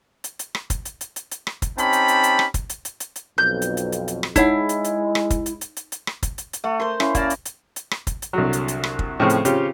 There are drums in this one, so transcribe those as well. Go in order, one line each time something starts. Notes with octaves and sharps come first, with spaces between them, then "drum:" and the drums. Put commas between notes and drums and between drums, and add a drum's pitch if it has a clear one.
drum: hi-hat
drum: hi-hat
drum: rim click
drum: kick, hi-hat
drum: hi-hat
drum: hi-hat
drum: hi-hat
drum: hi-hat
drum: rim click
drum: kick, hi-hat
C4 C#4 D#4 G4 A5 B5, drum: hi-hat
drum: hi-hat
drum: hi-hat
drum: hi-hat
drum: rim click
drum: kick, hi-hat
drum: hi-hat
drum: hi-hat
drum: hi-hat
drum: hi-hat
B1 F2 G6
drum: hi-hat
drum: hi-hat
drum: hi-hat
drum: hi-hat
drum: rim click
G#3 D#4 E4 C#5 F#5, drum: kick, hi-hat
drum: hi-hat
drum: hi-hat
drum: rim click
drum: kick, hi-hat
drum: hi-hat
drum: hi-hat
drum: hi-hat
drum: hi-hat
drum: rim click
drum: kick, hi-hat
drum: hi-hat
drum: hi-hat
A3 F#5
A#4 C5 C6
C#4 E4 F5, drum: rim click
A#3 D5 A5, drum: kick, hi-hat
drum: hi-hat
drum: hi-hat
drum: hi-hat
drum: rim click
drum: kick, hi-hat
drum: hi-hat
C2 D3 F#3
drum: hi-hat
drum: hi-hat
drum: rim click
drum: kick
A2 C#3 F3 C4 C#4
drum: hi-hat
C#3 C4 F4 G4 C#5, drum: hi-hat